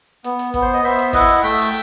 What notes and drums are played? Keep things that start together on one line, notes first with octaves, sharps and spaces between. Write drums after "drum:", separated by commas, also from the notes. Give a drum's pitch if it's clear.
B3, drum: hi-hat
drum: hi-hat
B3, drum: kick G1, hi-hat
C5
D#5
B3 C5 E5
drum: hi-hat
E4 D#5 F#5, drum: kick G1, open hi-hat
drum: hi-hat
A3 E5 G5, drum: hi-hat
drum: open hi-hat